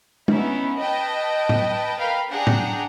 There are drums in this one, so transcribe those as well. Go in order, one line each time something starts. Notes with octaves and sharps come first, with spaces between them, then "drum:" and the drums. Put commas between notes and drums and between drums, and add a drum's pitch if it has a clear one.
B3 C#4 D#4 E4, drum: tom
B4 D#5 G5 A5
drum: tom A2
A#4 B4 F5 G5 B5
D4 G#4 F#5 G5 A#5
drum: tom A2